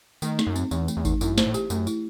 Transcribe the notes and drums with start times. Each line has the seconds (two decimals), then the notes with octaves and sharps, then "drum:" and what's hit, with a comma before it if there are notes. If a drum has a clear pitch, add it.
0.22 D#3 A3, drum: tambourine
0.39 D#4, drum: snare
0.47 F#2
0.56 C4, drum: tambourine
0.71 E2 E3, drum: tambourine
0.88 A3, drum: tambourine
0.97 E2
1.05 D#4, drum: kick G#1, tambourine
1.21 F#2 E4, drum: tambourine
1.33 G2
1.38 C5, drum: snare
1.46 A2
1.54 G4, drum: tambourine
1.70 F#2 A3, drum: tambourine
1.87 E4, drum: tambourine